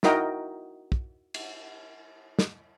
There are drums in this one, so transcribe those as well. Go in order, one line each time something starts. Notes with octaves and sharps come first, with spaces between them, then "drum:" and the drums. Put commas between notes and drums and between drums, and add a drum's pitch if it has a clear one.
D#4 E4 F#4 A#4 D#5 G5, drum: snare
drum: kick
drum: cymbal
drum: snare